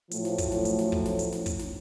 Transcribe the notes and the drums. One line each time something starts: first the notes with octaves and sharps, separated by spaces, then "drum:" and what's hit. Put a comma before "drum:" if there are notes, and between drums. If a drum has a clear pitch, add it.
A2 F3 F#3, drum: hi-hat
drum: snare
drum: kick, hi-hat
drum: snare
drum: hi-hat
drum: snare
drum: kick
drum: snare
drum: hi-hat
drum: snare
drum: kick, hi-hat
drum: snare